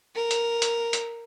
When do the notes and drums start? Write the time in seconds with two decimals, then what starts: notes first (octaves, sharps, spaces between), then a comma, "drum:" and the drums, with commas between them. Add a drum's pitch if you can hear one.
0.15 A#4
0.31 drum: hi-hat
0.62 drum: hi-hat
0.93 drum: hi-hat